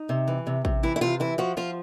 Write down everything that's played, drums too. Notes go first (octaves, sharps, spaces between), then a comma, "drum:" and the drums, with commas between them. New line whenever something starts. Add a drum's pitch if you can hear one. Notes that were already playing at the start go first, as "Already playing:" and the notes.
Already playing: D#4
C3
E3
C3
C3, drum: kick A1
E3 E4
E4
C3 F4
E3 E4
F3 F#4
F3 F4